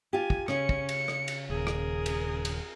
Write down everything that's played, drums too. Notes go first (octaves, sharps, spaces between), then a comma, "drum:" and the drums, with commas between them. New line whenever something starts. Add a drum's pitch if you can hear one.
F4 G4 G#5
drum: kick
C#3 C#4 C#7, drum: rim click
drum: kick
C#7, drum: cymbal
drum: rim click
drum: cymbal
D#1 G#4 A#4
drum: rim click
drum: cymbal
drum: cymbal